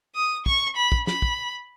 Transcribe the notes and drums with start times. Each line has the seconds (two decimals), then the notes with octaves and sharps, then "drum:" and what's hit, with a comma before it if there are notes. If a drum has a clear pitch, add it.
0.15 D#6
0.46 C#6, drum: kick
0.76 B5
0.92 drum: kick
1.07 B5, drum: snare
1.22 drum: kick